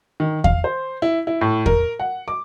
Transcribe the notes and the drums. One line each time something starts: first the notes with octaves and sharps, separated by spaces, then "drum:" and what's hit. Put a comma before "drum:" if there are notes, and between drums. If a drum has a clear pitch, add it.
D#3
F5, drum: kick E2
C5
E4
E4
A2
A#4, drum: kick E2
F#5
D6